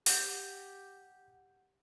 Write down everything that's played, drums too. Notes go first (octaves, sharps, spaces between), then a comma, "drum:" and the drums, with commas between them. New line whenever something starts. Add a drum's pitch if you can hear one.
G4 F#5 G6, drum: open hi-hat